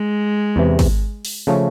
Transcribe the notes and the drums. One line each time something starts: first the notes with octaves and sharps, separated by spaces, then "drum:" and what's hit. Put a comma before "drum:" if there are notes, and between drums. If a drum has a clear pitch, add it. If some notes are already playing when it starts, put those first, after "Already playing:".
Already playing: G#3
E2 C3 E3
drum: kick, open hi-hat
drum: open hi-hat
C#3 F3 A3 C#4